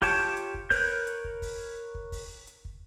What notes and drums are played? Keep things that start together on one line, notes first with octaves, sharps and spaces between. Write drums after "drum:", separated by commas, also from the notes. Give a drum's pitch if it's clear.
F4 G4 C#5 G5 A5, drum: kick, open hi-hat
drum: hi-hat
drum: kick
A#4 B4 C#5 G6, drum: kick, open hi-hat
drum: hi-hat
drum: kick
drum: kick, open hi-hat
drum: kick
drum: kick, open hi-hat
drum: hi-hat
drum: kick